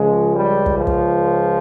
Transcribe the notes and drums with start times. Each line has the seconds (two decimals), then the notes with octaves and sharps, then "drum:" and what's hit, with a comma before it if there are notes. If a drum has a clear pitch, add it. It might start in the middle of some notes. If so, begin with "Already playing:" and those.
Already playing: C#2 C#3 F3 G#3
0.35 G3
0.66 drum: kick
0.76 F3
0.87 drum: kick